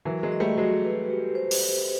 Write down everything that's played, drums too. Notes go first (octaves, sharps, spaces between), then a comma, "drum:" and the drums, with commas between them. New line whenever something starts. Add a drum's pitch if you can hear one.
E3 F#3 A#4
F#3 G#3
D#5
G3 A3
F#3 G#3 F#4
B4
G4
C5
drum: open hi-hat